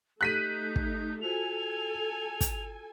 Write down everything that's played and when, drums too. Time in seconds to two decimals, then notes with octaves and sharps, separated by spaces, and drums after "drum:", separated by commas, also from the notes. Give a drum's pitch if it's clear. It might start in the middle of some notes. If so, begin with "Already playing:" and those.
0.21 A3 D#4 G4 A4 F#6 G6 B6 D#7
0.76 drum: kick
1.21 F4 F#4 A4 C5 G#5 F7
2.41 drum: kick, hi-hat